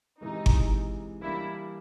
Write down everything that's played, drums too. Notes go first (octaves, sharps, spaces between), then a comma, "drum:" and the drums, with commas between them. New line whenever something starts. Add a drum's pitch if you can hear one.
C3 E3 G#3 D#4
drum: kick G1
E3 G3 A#3 D4 E4